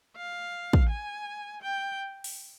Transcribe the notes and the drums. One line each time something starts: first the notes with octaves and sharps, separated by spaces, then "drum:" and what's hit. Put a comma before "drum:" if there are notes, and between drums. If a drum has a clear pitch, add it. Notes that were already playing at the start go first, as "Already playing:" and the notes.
F5
drum: kick
G#5
G5
drum: open hi-hat